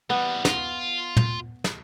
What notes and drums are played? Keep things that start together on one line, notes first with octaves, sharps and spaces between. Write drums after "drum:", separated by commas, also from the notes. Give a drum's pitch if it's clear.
E3 G3 B3
F4, drum: snare
drum: tom
drum: snare